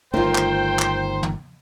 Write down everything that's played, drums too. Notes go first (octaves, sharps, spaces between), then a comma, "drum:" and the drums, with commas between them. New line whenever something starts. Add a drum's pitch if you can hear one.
G1 D#3 A3 F4 C5 G5
drum: clap
drum: clap
drum: tom